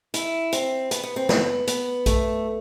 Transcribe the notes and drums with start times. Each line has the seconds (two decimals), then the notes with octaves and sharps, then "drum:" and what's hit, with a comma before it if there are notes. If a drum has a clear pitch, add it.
0.14 E4, drum: hi-hat
0.53 C4, drum: hi-hat
0.91 B3, drum: hi-hat
1.03 B3
1.16 C4
1.29 B3, drum: snare
1.67 B3, drum: hi-hat
2.06 A3, drum: kick A#1, hi-hat